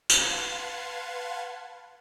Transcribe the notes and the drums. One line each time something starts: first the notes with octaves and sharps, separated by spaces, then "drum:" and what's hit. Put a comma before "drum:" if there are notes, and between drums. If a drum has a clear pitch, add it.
drum: tambourine
B4 F5 F#5 A5 C6 G#6